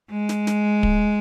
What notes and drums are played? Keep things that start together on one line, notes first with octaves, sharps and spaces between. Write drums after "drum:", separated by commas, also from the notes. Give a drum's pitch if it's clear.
G#3
drum: snare
drum: snare
drum: kick